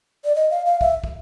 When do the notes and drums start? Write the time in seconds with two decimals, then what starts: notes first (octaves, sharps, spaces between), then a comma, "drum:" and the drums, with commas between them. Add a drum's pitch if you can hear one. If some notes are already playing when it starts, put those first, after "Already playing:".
0.25 D5
0.36 D#5
0.51 F5
0.66 F5
0.81 E5, drum: kick
1.04 drum: kick